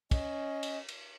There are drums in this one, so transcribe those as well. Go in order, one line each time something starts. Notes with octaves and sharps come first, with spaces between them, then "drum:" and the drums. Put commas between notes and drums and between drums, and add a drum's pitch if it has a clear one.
C#4 D#5, drum: kick, cymbal
drum: cymbal
drum: cymbal